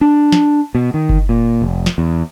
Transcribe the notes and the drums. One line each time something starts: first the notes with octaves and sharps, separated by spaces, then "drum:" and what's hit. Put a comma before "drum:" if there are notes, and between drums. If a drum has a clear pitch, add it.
D4
drum: snare
B2
D#3
drum: kick F#1
A#2
F1
drum: snare
E2